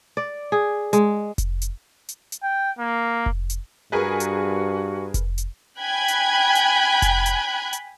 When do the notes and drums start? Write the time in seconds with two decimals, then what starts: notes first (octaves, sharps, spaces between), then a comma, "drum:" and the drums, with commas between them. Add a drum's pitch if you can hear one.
0.17 D5
0.52 G#4
0.93 G#3, drum: hi-hat
1.38 drum: kick F1, hi-hat
1.62 drum: hi-hat
2.09 drum: hi-hat
2.32 drum: hi-hat
2.43 G5
2.79 A#3
3.26 drum: kick F1
3.50 drum: hi-hat
3.92 G2 F#4 G#4 A#4 B4
4.20 drum: hi-hat
5.14 drum: kick F1, hi-hat
5.38 drum: hi-hat
5.79 G5 G#5 B5 F#6 G#6
6.08 drum: hi-hat
6.55 drum: hi-hat
7.02 drum: kick F1, hi-hat
7.26 drum: hi-hat
7.73 drum: hi-hat